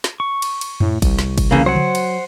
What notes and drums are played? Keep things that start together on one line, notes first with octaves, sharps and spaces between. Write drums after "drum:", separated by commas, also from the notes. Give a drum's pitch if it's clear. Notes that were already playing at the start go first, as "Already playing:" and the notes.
drum: snare
C#6
drum: cymbal
drum: cymbal
A2, drum: tom F2
C2, drum: kick G1, cymbal
drum: snare
drum: kick G1, cymbal
C#3 E3 A#3
F#3 C5 F#5
drum: tom C#3
drum: cymbal